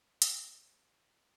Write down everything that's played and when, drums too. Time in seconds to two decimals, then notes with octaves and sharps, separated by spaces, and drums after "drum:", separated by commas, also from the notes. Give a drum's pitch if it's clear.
0.22 C#4, drum: hi-hat
0.67 C4